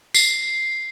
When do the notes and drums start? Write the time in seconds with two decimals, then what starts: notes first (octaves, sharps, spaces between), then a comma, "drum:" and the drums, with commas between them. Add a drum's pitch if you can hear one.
0.14 C7, drum: tambourine